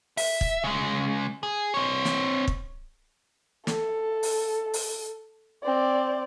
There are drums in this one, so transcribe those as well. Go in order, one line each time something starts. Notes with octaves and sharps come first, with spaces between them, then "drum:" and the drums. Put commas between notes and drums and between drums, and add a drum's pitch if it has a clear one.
E5, drum: open hi-hat
drum: kick
C#3 G#3
G#4
C4 C#5
drum: snare
drum: kick
A4, drum: snare
drum: open hi-hat
drum: open hi-hat
C4 D5